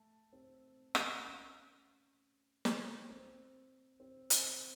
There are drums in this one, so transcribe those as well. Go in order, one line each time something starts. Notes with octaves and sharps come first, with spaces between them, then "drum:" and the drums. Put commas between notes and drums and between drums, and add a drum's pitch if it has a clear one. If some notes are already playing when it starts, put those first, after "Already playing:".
Already playing: A3
C4
drum: rim click
C#4
drum: snare
C4
C4
C4, drum: hi-hat